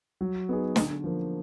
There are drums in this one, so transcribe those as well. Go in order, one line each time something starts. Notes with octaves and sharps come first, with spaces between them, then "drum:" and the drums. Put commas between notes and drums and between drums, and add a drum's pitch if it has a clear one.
F#3
B3 D#4 G#4
D3, drum: snare
F3 A#3